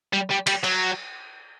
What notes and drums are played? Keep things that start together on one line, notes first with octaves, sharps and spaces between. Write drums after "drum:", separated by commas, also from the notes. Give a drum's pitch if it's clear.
G3
G3
G3, drum: cymbal
F#3, drum: cymbal